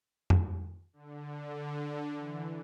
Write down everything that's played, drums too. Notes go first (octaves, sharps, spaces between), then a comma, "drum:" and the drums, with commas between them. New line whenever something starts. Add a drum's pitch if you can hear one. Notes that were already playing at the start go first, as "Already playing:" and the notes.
drum: tom
D3
E3